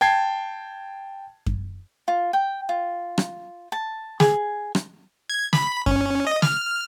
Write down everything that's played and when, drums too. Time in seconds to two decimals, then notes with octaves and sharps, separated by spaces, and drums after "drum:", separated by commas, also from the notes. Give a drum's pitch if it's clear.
0.01 G5 A5 G#6 C7
1.46 drum: kick F#2
2.08 F4
2.33 G5
2.69 F4
3.18 drum: rim click
3.72 A5
4.20 G#4, drum: snare
4.75 drum: rim click
5.30 G#6
5.53 B5, drum: snare
5.86 C#4, drum: kick F#2
6.27 D#5
6.42 F6, drum: snare